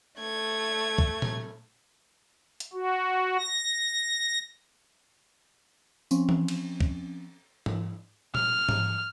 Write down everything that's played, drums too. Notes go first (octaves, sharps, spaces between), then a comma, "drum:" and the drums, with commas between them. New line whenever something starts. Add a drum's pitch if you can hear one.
A3 G#6
drum: kick
drum: tom A#2
drum: hi-hat
F#4
A#6
F3 C4 C#4, drum: tambourine
drum: tom E3
drum: cymbal
drum: kick
drum: tom G#2
F6, drum: tom A#2
drum: tom G#2